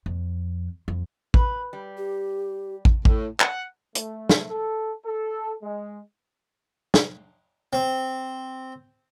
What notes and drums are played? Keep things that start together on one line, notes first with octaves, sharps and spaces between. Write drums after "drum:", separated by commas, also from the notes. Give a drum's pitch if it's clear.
F2
F2
B4, drum: kick
G3
G4
drum: kick
A2, drum: kick
F#5, drum: clap
A3, drum: hi-hat
drum: snare
A4
A4
G#3
drum: snare
C4